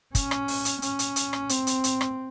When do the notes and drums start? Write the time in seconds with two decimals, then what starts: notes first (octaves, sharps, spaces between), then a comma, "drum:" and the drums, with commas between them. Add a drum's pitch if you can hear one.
0.15 C#4, drum: kick, hi-hat
0.31 drum: rim click
0.48 drum: open hi-hat
0.65 drum: hi-hat
0.82 C#4, drum: hi-hat
0.99 drum: hi-hat
1.16 drum: hi-hat
1.33 drum: rim click
1.49 C4, drum: hi-hat
1.67 drum: hi-hat
1.84 drum: hi-hat
2.01 drum: rim click